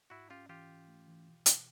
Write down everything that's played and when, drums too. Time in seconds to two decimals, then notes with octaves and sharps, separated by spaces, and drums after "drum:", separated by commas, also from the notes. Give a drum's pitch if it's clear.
0.10 G#2 E4 F#4
0.30 C#4 F4 G4
0.49 E3 F4 G4
0.69 E3
0.88 A3
1.08 E3
1.27 B2
1.46 B2, drum: hi-hat